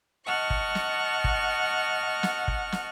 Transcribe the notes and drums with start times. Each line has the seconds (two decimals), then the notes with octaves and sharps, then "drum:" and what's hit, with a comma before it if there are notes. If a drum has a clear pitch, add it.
0.26 D#5 F#5 A5 C#6 F6
0.50 drum: kick
0.75 drum: snare
1.24 drum: kick
2.23 drum: snare
2.48 drum: kick
2.72 drum: snare